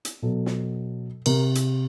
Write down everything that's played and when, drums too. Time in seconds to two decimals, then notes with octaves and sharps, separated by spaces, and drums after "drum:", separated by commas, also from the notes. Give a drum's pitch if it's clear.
0.05 drum: hi-hat
0.22 B2 F#3 A4
0.46 drum: snare
1.26 C3 A#4, drum: cymbal
1.55 drum: hi-hat